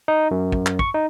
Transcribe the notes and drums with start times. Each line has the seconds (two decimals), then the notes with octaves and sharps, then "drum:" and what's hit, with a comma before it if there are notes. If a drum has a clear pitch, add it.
0.08 D#4
0.31 F#2
0.52 drum: kick
0.66 drum: clap
0.79 C#6, drum: kick
0.94 D#4